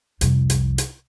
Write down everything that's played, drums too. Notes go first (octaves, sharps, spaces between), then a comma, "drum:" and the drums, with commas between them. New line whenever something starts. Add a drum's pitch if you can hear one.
C2 F2, drum: hi-hat
drum: hi-hat
drum: hi-hat